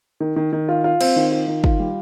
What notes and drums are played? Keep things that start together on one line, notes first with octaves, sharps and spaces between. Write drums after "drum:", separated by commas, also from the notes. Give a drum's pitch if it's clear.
D#3
D#3
D#3
F4
F4
C4, drum: cymbal
D#3
F4
D#3
F4, drum: kick
G3